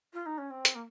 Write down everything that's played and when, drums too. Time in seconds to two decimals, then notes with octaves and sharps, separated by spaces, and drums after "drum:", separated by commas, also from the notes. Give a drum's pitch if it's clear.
0.13 F4
0.25 D#4
0.38 C#4
0.50 C4
0.65 drum: hi-hat
0.75 A#3